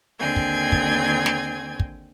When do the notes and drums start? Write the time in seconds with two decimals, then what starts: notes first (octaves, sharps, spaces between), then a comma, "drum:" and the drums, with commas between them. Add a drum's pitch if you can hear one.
0.18 D#2 D3 C4 G5 G#5 G#6
0.36 drum: kick
0.72 drum: kick
1.26 drum: snare
1.80 drum: kick